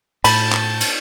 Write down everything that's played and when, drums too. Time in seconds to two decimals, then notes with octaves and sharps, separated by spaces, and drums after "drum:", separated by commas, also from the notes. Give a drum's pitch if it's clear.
0.24 A2 A5 B5 G6 A6, drum: cymbal
0.52 drum: clap
0.80 drum: cymbal